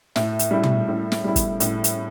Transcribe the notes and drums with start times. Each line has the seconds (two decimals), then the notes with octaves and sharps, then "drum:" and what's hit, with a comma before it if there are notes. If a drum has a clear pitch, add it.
0.16 A2, drum: snare
0.39 drum: hi-hat
0.51 G3 E4
0.63 drum: tom
0.88 A2
1.12 drum: snare
1.24 G3 E4
1.36 drum: kick, hi-hat
1.60 A2, drum: hi-hat
1.84 drum: hi-hat